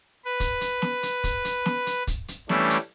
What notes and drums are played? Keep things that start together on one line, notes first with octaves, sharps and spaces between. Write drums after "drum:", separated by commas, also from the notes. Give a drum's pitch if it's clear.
B4
drum: kick, hi-hat
drum: hi-hat
drum: snare
drum: hi-hat
drum: kick, hi-hat
drum: hi-hat
drum: snare
drum: hi-hat
drum: kick, hi-hat
drum: hi-hat
E3 G3 A3 C#4 D4, drum: snare
drum: hi-hat